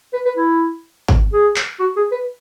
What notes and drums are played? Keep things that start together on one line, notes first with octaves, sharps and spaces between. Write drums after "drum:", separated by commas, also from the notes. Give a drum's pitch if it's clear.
B4
B4
E4
drum: kick
G#4
drum: clap
F#4
G#4
B4